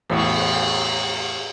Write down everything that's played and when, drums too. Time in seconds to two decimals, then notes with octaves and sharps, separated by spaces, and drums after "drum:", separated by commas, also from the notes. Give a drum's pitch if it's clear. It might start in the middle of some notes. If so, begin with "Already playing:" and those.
0.10 E2 A2, drum: cymbal
0.39 drum: cymbal